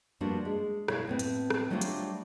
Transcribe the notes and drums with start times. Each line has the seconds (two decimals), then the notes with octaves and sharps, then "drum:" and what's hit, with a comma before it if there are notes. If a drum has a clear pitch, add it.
0.21 F3 G3 A#3 B3 D4 F#4
0.45 G#3
0.88 B2 E4 C#5 F5, drum: rim click
1.07 A2 B3 C4
1.19 drum: hi-hat
1.50 drum: rim click
1.70 F#3 G3 A3 D4 F4 C5
1.81 drum: hi-hat